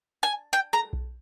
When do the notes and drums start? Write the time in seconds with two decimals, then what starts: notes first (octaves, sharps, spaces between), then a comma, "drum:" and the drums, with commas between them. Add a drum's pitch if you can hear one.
0.23 G#5
0.53 G5
0.73 A#5, drum: rim click
0.93 drum: kick B1